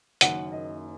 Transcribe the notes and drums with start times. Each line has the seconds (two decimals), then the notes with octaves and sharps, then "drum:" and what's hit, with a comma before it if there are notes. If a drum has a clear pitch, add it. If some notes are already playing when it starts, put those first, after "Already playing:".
0.21 F#1 F#2 D#3 F#5, drum: hi-hat
0.52 D#5